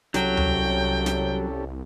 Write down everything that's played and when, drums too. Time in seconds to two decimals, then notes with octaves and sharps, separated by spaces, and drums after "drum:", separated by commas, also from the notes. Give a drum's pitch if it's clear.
0.14 C2 F#3 C#4 G4 A4 G5, drum: snare
0.37 drum: tom D2
1.06 drum: snare